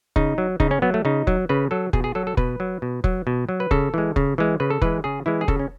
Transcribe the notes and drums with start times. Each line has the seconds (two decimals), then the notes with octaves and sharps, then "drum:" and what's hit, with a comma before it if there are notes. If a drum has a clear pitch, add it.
0.16 C#3 D#4, drum: kick F1
0.38 F#3
0.60 C#3 D#4, drum: kick F1
0.71 C#4
0.82 F#3 B3
0.94 A3
1.05 C#3 D#4
1.27 F#3, drum: kick F1
1.49 C#3 B4
1.71 F#3 A4
1.93 B2 G#4, drum: kick F1
2.04 G#4
2.15 F#3 A4
2.27 A4
2.37 B2 B4, drum: kick F1
2.60 F#3
2.82 B2
3.04 F#3, drum: kick F1
3.27 B2
3.49 F#3
3.60 B4
3.71 C#3 A4, drum: kick F1
3.94 E3 G#3
4.16 C#3, drum: kick F1
4.38 E3 G#3
4.60 C#3 B4
4.70 A4
4.82 E3 G#3 B4, drum: kick F1
5.04 C#3 G#4
5.26 E3 G#3 E4
5.41 G#4
5.48 C#3 A4, drum: kick F1
5.60 C#4